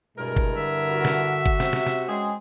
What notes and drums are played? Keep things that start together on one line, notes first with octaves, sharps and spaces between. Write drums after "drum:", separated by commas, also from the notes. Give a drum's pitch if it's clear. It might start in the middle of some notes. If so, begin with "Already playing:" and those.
G2 B2 G#3 E4 A#4
drum: kick G1
D3 E5
F#4
drum: snare
drum: kick G1
C3, drum: snare
drum: snare
drum: snare
G#3 C4 C#4 G#4